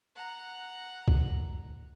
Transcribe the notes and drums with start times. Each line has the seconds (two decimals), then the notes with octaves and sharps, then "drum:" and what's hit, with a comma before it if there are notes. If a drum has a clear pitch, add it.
0.16 F#5 A#5
1.08 drum: kick